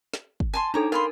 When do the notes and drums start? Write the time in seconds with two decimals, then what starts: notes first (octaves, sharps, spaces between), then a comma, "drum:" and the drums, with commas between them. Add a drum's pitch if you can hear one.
0.14 drum: snare
0.40 drum: kick
0.54 G#5 A5 C6
0.74 D4 D#4 A4 C#5 A#5
0.92 A#4 F5 B5 C6